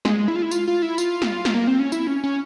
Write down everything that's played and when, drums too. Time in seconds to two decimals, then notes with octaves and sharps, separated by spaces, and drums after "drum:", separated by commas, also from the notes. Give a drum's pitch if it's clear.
0.05 G#3, drum: snare
0.28 E4
0.36 F4
0.42 E4
0.51 F4, drum: tambourine
0.67 F4
0.82 E4
0.98 F4, drum: tambourine
1.22 drum: snare
1.45 drum: snare
1.54 A#3
1.67 C4
1.79 C#4
1.92 E4, drum: tambourine
2.07 C#4
2.24 C#4